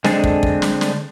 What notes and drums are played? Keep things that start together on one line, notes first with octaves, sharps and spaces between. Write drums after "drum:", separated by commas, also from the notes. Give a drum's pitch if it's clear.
D3 G#3 C4 D4 G#4 A4, drum: snare
drum: kick
drum: kick
drum: snare
drum: snare